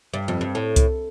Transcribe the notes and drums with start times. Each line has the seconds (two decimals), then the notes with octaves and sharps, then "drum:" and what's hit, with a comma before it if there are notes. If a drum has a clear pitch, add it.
0.14 G2
0.28 F2
0.41 G2
0.55 A2
0.76 drum: kick C2, hi-hat